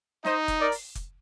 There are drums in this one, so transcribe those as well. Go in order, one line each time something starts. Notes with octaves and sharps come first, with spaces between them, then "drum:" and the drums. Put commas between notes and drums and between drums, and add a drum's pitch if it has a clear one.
D#4 C5 D#5, drum: snare
drum: kick F1, hi-hat
A#4 D5
drum: open hi-hat
drum: kick F1, hi-hat